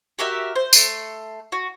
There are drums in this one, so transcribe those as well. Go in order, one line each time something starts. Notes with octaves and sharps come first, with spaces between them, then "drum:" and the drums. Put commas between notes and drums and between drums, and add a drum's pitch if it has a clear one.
F#4 G4 A#4 E5
C5
A3 C6, drum: tambourine
F#4